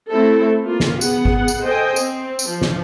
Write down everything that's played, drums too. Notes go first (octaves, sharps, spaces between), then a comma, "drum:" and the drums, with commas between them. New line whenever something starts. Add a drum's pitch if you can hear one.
A3 C4 E4 A4
A#3 F4
drum: snare
B3 G#4 F#5, drum: tambourine
drum: kick
drum: tambourine
A4 C5 D#5 G5 G#5
C4, drum: tambourine
drum: tambourine
F3
drum: snare